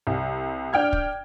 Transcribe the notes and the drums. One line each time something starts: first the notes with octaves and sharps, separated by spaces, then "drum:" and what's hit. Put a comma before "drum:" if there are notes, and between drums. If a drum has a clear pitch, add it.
C2
D4 G5 F6 G#6
drum: kick